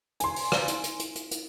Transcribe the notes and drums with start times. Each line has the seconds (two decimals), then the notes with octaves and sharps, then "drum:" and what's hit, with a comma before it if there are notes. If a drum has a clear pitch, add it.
0.20 G#5 C6, drum: hi-hat
0.36 drum: open hi-hat
0.52 drum: rim click
0.68 drum: hi-hat
0.84 drum: hi-hat
1.00 drum: hi-hat
1.15 drum: hi-hat
1.31 drum: hi-hat